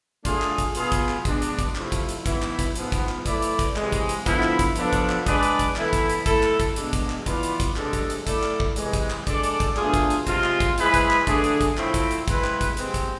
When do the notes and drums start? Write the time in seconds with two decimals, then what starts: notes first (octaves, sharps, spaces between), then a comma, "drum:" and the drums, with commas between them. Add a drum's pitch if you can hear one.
0.25 A3 D4 F4 G#4, drum: kick, hi-hat
0.42 drum: clap
0.58 drum: kick, hi-hat
0.75 B2 B3 F4 G#4, drum: hi-hat
0.92 drum: kick, hi-hat
1.09 drum: clap
1.25 B2 G#3 D4, drum: kick, hi-hat
1.42 drum: hi-hat
1.59 drum: kick, hi-hat
1.75 C3 F3 A3 E4, drum: clap
1.92 drum: kick, hi-hat
2.09 drum: hi-hat
2.26 G#2 E3 B3 E4, drum: kick, hi-hat
2.42 drum: clap
2.59 drum: kick, hi-hat
2.75 G#2 F3 B3, drum: hi-hat
2.92 drum: kick, hi-hat
3.09 drum: clap
3.26 A3 E4 B4 D5, drum: kick, hi-hat
3.42 drum: hi-hat
3.59 drum: kick, hi-hat
3.76 C3 E3 G#3, drum: clap
3.92 drum: kick, hi-hat
4.09 drum: hi-hat
4.26 D3 F3 B3 E4, drum: kick, hi-hat
4.43 drum: clap
4.59 drum: kick, hi-hat
4.76 F3 B3 D4 A4, drum: hi-hat
4.93 drum: kick, hi-hat
5.09 drum: clap
5.26 G#3 D4 G#4 B4 D5, drum: kick, hi-hat
5.43 drum: hi-hat
5.59 drum: kick, hi-hat
5.76 E3 B3 E4 A4, drum: clap
5.93 drum: kick, hi-hat
6.10 drum: hi-hat
6.26 A3 E4 A4, drum: kick, hi-hat
6.43 drum: clap
6.60 drum: kick, hi-hat
6.76 B2 G#3 D4, drum: hi-hat
6.93 drum: kick, hi-hat
7.10 drum: clap
7.26 E3 B3 F4 B4 D5, drum: kick, hi-hat
7.43 drum: hi-hat
7.60 drum: kick, hi-hat
7.76 C3 G#3 D4 A4, drum: clap
7.93 drum: kick, hi-hat
8.10 drum: hi-hat
8.27 A3 E4 A4 D5, drum: kick, hi-hat
8.43 drum: clap
8.60 drum: kick
8.76 C3 E3 G#3, drum: hi-hat
8.93 drum: kick, hi-hat
9.10 drum: clap
9.27 G#3 D4 A4 D5, drum: kick, hi-hat
9.44 drum: hi-hat
9.60 drum: kick, hi-hat
9.76 B2 A3 D4 F4 G#4, drum: clap
9.94 drum: kick, hi-hat
10.10 drum: hi-hat
10.27 C3 G#3 C4 F4, drum: kick, hi-hat
10.44 drum: clap
10.60 drum: kick, hi-hat
10.78 G#3 C4 E4 G#4 B4, drum: hi-hat
10.94 drum: kick, hi-hat
11.11 drum: clap
11.27 D3 A3 D4 G#4, drum: kick, hi-hat
11.44 drum: hi-hat
11.61 drum: kick, hi-hat
11.77 A2 F3 A3 C4 E4, drum: clap
11.94 drum: kick, hi-hat
12.11 drum: hi-hat
12.28 G#3 C4 E4 B4, drum: kick, hi-hat
12.44 drum: clap
12.61 drum: kick, hi-hat
12.77 C3 G#3 C4, drum: hi-hat
12.94 drum: kick, hi-hat